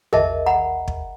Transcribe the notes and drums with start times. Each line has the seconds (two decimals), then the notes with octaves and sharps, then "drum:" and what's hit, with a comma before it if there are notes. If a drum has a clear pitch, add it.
0.13 G#4 A#4 D#5 E5 A5, drum: tom
0.46 F#5 A#5 B5
0.88 drum: kick